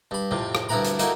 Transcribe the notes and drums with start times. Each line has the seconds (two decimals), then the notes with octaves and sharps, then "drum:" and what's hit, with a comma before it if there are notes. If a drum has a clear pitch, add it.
0.11 G2 B5
0.31 F2 A2 C3
0.55 drum: rim click
0.69 D2 G2 E4 F#4 A#5 B5
0.84 drum: hi-hat
0.99 A3 A#3 D#4 E4 F#4, drum: hi-hat